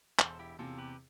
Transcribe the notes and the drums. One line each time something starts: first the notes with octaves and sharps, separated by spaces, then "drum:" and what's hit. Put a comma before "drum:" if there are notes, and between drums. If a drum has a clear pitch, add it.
E1 A4 C5, drum: clap
E4 G4
E2 C3 F4 A4
G4 B4